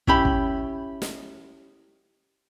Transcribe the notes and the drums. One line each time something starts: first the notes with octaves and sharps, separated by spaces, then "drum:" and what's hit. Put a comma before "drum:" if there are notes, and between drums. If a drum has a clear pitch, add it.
C#4 E4 G4 B5, drum: kick
drum: kick
drum: snare